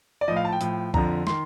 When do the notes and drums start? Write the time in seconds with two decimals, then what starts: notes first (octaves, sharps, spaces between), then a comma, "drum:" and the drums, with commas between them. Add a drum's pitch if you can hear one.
0.21 D5
0.28 A2 F3 D#5
0.36 F5
0.45 A5
0.52 G5
0.61 A2 F3, drum: hi-hat
0.94 F2 D3 F3 A#5, drum: kick B1
1.27 D#3 C6, drum: snare